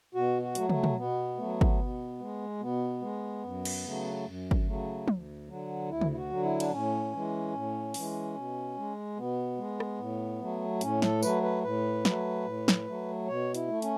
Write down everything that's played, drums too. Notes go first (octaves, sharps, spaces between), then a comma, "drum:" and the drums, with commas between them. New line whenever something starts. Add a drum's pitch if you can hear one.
B2 F#4
F#4
F#3 A3, drum: hi-hat
A3, drum: tom
drum: tom
B2 B3
F#3 A3
drum: kick
B2
G#3
B2 B3
G#3
F#2
drum: cymbal
C#3 F#3 A3
F#2
drum: kick
C#3 F#3 A3
D2, drum: tom
D3 F#3
D2 E4
drum: tom
E4
F#4
D3 F#3
E4
D4, drum: cymbal
A2 C#4
E3 G#3
A2
E3 G#3, drum: open hi-hat
B2
G#3
B2 B3
G#3
drum: rim click
A2
F#3 A3
A2 C#4, drum: hi-hat
A4, drum: snare
F#3 A3 B4, drum: tambourine
B4
A2 B4
F#3 A3, drum: snare
A2
drum: snare
F#3 A3
B2 C#5
E4, drum: hi-hat
A3
C#4, drum: hi-hat